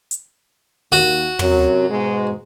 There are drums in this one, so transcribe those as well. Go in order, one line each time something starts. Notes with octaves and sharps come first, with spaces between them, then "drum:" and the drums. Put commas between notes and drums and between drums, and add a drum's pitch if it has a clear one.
drum: hi-hat
D#2 F#4
F#2 C3 F#3, drum: tom
G#2 B2 G#3